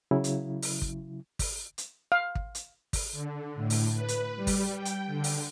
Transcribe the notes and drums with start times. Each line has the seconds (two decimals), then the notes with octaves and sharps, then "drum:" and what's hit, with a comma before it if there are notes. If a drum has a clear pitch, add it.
0.11 C#3 F#3 E4
0.24 drum: hi-hat
0.62 drum: open hi-hat
0.82 drum: kick
1.39 drum: kick, open hi-hat
1.78 drum: hi-hat
2.12 F5
2.35 drum: kick
2.55 drum: hi-hat
2.93 drum: kick, open hi-hat
3.12 D3
3.55 A2
3.70 drum: open hi-hat
3.93 B4
4.08 drum: hi-hat
4.36 G3
4.47 drum: kick, open hi-hat
4.73 G5
4.85 drum: hi-hat
5.07 D3
5.24 drum: open hi-hat